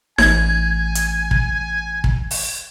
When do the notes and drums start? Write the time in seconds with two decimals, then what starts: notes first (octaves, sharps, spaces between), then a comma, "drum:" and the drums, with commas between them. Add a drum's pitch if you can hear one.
0.18 A1 G#5 G#6, drum: snare D#4
0.95 drum: hi-hat
1.31 drum: kick
2.04 drum: kick
2.31 drum: open hi-hat